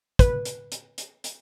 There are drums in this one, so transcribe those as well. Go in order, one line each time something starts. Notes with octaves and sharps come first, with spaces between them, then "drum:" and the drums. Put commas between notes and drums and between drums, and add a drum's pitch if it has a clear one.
B4, drum: kick, hi-hat
drum: hi-hat
drum: hi-hat
drum: hi-hat
drum: hi-hat